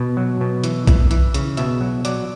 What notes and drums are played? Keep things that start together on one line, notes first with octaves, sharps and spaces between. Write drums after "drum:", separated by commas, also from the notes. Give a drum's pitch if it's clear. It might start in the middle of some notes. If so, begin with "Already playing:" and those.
Already playing: B2
F#3
B2
E3, drum: hi-hat
E3, drum: kick B1, hi-hat
E3, drum: hi-hat
C#3, drum: hi-hat
B2 E5, drum: hi-hat
F#3
F#3 D5, drum: hi-hat